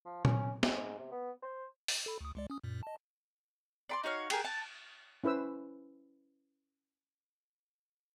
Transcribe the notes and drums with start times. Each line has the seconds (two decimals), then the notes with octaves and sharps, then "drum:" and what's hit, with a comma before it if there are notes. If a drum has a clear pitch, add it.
0.05 F3
0.25 C#4, drum: tom A#2
0.63 G#2, drum: snare
0.98 C3
1.11 B3
1.42 C5
1.88 drum: open hi-hat
2.06 A4 B5
2.21 D2 D#6
2.35 C#2 G#3 D5
2.50 C#4 D#6
2.64 F#2 A#2
2.83 D#5 A5
3.89 D5 B5 C6
4.04 D#4 F#4 C#5 F5
4.30 G4 G#4 A#4, drum: cymbal
4.45 A5
5.24 C#4 E4 B4 C5 E6